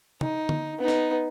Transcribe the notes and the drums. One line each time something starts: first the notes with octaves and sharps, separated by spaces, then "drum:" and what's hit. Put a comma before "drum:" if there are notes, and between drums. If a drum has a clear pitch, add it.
D#4, drum: tom
drum: tom D3
B3 D#4
drum: snare